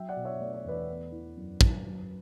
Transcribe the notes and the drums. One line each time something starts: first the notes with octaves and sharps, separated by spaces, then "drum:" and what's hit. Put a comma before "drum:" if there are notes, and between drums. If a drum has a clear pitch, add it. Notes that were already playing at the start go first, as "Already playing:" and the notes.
Already playing: F#3 E5 G5
D5 F#5
B2
C#5 E5
A3 D5
C#5
E2 B4 D5
B3
E3
F#2
F#2, drum: kick
F#3